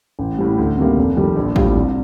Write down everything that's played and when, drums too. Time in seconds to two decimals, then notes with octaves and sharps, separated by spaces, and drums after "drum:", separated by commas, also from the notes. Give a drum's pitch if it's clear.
0.19 A1
0.38 A2 G3
0.58 D2
0.77 C3 D#3 G3 A#3
0.97 F1
1.17 F2 D#3 G3
1.36 A#1
1.56 A2 G3 C4 F4, drum: kick
1.75 C2